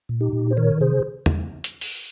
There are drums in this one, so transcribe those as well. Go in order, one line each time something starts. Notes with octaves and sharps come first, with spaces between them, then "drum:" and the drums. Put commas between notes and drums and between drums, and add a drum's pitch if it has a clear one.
A#2
D#4 G4
A#2
C5
D#3 A#4 C#5
C3 G#4 C5
drum: tom
drum: hi-hat
drum: open hi-hat